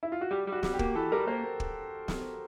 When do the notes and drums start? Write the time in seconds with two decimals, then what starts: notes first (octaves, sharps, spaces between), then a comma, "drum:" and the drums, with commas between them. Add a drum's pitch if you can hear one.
0.03 E4
0.12 F4
0.21 F#4
0.31 G3 G4
0.47 G3
0.52 F#4
0.63 G3, drum: snare
0.74 G4
0.79 A#3, drum: kick
0.95 E3 A4
1.12 G3 A#4
1.27 A#3 C5
1.60 drum: kick
2.08 drum: snare